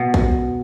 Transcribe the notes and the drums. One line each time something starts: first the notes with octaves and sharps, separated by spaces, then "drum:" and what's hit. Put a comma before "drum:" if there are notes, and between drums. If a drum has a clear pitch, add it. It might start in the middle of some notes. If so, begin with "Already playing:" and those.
Already playing: B2
drum: kick